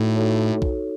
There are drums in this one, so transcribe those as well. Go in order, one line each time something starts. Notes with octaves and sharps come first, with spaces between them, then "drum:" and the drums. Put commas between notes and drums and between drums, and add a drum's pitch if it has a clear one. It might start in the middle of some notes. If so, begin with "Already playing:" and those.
Already playing: A2 D#4 F#4 A4 C#5
D#4 F#4 A4 C#5
drum: kick